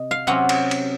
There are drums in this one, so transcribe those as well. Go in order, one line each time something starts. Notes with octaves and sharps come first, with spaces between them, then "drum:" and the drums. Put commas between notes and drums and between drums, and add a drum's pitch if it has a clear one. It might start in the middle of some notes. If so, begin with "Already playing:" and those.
Already playing: C3 D#5
F5
C3 F#3 C#4 F#5
drum: cymbal
drum: cymbal